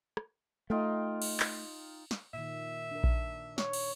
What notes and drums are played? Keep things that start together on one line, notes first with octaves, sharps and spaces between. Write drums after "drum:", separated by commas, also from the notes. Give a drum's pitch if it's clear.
drum: rim click
A3 D#4 F4 G5
drum: cymbal
drum: clap
drum: snare
A#2 D#3 E5
D4 A#4
drum: kick A#1
C#5, drum: snare
drum: cymbal